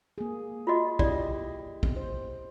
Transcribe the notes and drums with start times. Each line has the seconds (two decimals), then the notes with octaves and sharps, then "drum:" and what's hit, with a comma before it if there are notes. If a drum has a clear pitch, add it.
0.18 A#3 G#4
0.67 F4 F#4 D#5
0.99 E4 G4 D5 D#5, drum: kick
1.83 drum: kick
1.96 C5